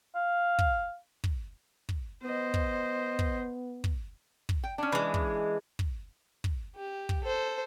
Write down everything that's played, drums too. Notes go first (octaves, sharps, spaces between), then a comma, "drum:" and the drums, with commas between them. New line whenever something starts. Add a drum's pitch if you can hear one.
F5
drum: kick
drum: kick
drum: kick
B3 C5 D#5
drum: kick
drum: kick
drum: kick
drum: kick
G5
C#4 D4
E3 G#3
drum: kick
drum: kick
drum: kick
G4
drum: kick
A4 C5